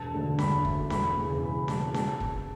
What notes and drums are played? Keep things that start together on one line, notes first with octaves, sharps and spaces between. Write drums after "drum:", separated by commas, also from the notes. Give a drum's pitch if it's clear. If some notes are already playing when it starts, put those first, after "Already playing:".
Already playing: E1 A5
D2 D3
E1 B5, drum: snare C#4
D2 D3, drum: kick
E1 B5, drum: snare C#4
E2 C#3
E1 B5
E2 C#3 A5, drum: snare C#4
A5, drum: snare C#4
drum: kick